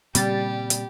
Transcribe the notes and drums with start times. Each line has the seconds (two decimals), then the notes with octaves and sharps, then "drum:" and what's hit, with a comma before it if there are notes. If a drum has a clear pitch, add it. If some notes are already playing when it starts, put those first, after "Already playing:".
0.15 A#2 C#3 G3 C4 G4 A6, drum: hi-hat
0.70 drum: hi-hat